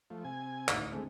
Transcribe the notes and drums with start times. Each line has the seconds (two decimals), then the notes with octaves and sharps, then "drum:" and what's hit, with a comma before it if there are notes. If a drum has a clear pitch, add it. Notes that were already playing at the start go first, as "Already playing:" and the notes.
0.10 F3 A3
0.24 C3 G#5
0.68 A1 D2 D#4, drum: clap
0.92 D3 G#3 A3 C4